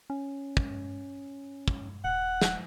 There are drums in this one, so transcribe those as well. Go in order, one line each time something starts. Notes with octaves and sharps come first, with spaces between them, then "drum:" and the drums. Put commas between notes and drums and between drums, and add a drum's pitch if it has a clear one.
C#4
drum: kick
drum: kick
D#1 F#5
drum: snare